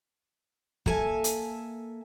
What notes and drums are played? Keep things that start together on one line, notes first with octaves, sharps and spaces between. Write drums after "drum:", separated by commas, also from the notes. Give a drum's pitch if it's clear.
A#3 A4 E5 G#5 A5, drum: kick
drum: hi-hat